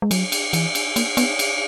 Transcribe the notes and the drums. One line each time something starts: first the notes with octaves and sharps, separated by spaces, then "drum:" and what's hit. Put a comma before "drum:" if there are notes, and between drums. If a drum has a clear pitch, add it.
G#3
F#3, drum: cymbal
drum: cymbal
E3, drum: cymbal
drum: cymbal
A#3, drum: cymbal
B3, drum: cymbal
drum: cymbal